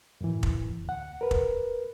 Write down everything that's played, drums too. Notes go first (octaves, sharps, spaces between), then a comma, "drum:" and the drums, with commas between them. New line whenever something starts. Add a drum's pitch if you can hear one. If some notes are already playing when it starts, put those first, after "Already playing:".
F#2 A2 E3
drum: kick
D2 F#5
A#4 B4
drum: kick